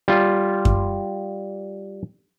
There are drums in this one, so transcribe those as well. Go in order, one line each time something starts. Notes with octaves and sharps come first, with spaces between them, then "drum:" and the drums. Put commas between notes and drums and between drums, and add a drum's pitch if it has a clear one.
G3 F4
drum: kick F#2